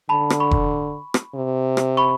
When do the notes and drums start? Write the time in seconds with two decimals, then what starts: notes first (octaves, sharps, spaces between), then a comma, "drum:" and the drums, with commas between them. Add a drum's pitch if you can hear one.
0.09 D3 A5 B5
0.30 drum: rim click
0.40 B5 C#6
0.51 drum: kick F1
1.14 drum: rim click
1.35 C3
1.77 drum: rim click
1.97 B5 C#6